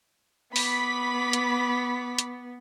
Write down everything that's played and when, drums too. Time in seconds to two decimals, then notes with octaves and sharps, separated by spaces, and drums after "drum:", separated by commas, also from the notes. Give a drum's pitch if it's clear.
0.56 B3 B5 D6 B6, drum: open hi-hat
1.33 drum: hi-hat
2.19 drum: hi-hat